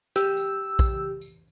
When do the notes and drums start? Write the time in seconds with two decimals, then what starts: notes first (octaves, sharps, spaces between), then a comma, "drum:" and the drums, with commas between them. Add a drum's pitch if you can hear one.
0.16 G4 E6, drum: rim click
0.37 drum: tambourine
0.79 drum: kick A#1, tambourine
1.21 drum: tambourine